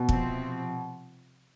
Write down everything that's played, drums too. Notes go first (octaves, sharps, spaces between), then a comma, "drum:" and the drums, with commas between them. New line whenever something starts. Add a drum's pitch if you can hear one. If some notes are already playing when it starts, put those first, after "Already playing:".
Already playing: B2
C3 F3 C4, drum: kick